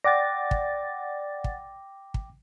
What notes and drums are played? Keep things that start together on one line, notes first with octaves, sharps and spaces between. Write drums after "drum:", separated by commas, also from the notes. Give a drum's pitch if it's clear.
D5 F#5 G5 D6 A6 A#6
drum: kick
drum: kick
drum: kick